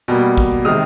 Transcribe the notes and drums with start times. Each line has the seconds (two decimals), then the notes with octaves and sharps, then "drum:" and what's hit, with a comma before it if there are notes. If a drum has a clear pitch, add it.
0.08 B2 G3 A#3
0.37 drum: kick
0.65 C3 D#3 G#3 D#6 F6